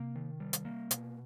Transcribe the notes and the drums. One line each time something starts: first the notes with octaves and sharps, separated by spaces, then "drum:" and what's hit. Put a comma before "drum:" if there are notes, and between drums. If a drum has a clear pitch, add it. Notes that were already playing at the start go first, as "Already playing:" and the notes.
Already playing: C3 A#3
D#3
G3
drum: hi-hat
A#3
B2, drum: hi-hat